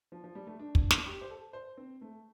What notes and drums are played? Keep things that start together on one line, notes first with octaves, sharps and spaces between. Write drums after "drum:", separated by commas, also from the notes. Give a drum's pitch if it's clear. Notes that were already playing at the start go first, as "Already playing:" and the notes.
F3
F3
G3
A3
D4
drum: kick
drum: snare
G4
C5
A4
C5
C4
A3